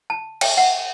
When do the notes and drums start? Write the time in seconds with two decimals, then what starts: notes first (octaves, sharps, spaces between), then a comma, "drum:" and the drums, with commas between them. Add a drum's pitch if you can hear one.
0.10 A5
0.41 G5, drum: cymbal
0.57 F#5